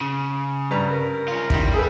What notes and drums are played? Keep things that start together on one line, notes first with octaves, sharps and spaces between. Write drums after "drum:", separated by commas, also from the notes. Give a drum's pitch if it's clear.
C#3
G2 G3 B4 A#5
A#4
C#4 F4
D#3 G3 E4, drum: kick
G#4 A4 B4